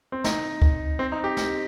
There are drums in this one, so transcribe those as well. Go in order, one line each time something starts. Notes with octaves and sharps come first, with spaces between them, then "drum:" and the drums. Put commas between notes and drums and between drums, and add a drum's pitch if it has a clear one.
C4
D#4, drum: snare
drum: kick C#2
C4
D#4
G4
drum: snare